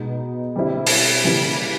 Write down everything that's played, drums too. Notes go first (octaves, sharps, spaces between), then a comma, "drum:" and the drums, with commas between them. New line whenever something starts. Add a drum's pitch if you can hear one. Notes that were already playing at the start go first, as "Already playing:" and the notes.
Already playing: B2 G#3 B3 D#4
D3 G3 C4 E4
drum: open hi-hat
C#3 E3 G3 A#3